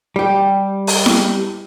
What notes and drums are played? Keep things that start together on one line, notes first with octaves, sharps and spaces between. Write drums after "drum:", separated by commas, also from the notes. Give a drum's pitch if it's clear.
G3 G4
drum: open hi-hat
drum: snare E4